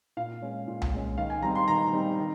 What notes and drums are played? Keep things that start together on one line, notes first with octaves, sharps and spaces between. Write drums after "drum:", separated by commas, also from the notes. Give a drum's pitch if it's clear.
A#2 F5
G#3 C#4
A#2
drum: tom C2
G#3 C#4
D#3 F5
G#5
G3 C4 D#4 A#5
C6
D#3 A#5
G3 C4 D#4
D#3